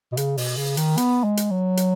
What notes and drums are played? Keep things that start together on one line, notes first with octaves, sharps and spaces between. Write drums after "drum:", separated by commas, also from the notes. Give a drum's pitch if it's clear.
B2
C#3, drum: hi-hat
B2, drum: open hi-hat
C#3
D#3, drum: hi-hat
B3, drum: hi-hat
G#3
drum: hi-hat
F#3
drum: hi-hat